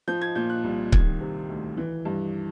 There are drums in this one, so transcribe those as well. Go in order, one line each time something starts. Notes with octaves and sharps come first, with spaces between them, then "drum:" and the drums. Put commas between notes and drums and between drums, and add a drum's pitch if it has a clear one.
F3 G6
G#6
A#2 G6
F#6
C2
D#3 G#6, drum: kick C#1
C3
D2
E3
G2